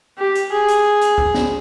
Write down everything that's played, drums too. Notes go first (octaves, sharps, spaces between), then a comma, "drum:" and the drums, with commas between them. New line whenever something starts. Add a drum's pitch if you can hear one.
G4
drum: hi-hat
G#4
drum: hi-hat
drum: hi-hat
drum: kick
drum: snare